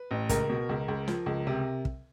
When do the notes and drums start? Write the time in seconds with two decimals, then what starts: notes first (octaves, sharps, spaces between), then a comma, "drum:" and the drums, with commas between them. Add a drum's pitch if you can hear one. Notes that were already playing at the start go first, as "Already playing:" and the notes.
Already playing: B4
0.11 A1
0.29 C#2 A#4, drum: kick, hi-hat
0.49 B2
0.69 C#2
0.88 C#2
1.08 F3, drum: snare
1.26 C#2
1.47 C3
1.85 drum: kick